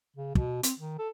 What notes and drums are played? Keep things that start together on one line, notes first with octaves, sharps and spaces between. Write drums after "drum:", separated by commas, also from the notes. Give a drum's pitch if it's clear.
C#3
B2, drum: kick
C4, drum: hi-hat
D#3
A4